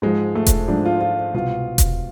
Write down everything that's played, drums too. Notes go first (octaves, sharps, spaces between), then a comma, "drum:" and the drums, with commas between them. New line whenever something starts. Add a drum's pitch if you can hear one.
G#2 F3 G#3
A3
drum: kick E1, hi-hat
G#2 F3 D4
F4
F4
C2 B2 F4
drum: kick E1, hi-hat